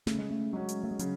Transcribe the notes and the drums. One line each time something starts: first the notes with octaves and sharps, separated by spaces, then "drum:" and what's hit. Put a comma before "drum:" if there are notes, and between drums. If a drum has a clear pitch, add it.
C#3 A3, drum: snare
G#3
A3
F#3 G#3 C#4 F#4
drum: hi-hat
A3
G#3
C#3 F#3, drum: hi-hat